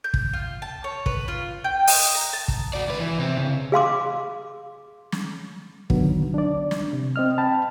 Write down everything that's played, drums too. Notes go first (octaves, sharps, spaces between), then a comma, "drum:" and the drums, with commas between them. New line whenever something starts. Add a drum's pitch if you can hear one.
G6
drum: kick
F4
A5
C#5
B4, drum: kick
F4
G5
D#5, drum: open hi-hat
A#5
A5
drum: kick
F#4 D5
C#2 B4
E3
C3 C4
C#3
G#4 F5 C6 D6
drum: snare
D3 D#3 F#3 B3, drum: kick
D4 D5
drum: snare
C3
C4 D#5 F6
G5 A5 B5